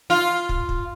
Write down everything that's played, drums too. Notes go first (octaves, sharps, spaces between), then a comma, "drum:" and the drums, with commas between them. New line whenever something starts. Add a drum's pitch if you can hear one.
F4
drum: kick
drum: kick